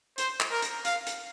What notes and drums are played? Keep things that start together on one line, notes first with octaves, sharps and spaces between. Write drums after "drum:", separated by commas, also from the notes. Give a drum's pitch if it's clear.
C5, drum: hi-hat
drum: clap
A#4
drum: hi-hat
F5, drum: hi-hat
drum: hi-hat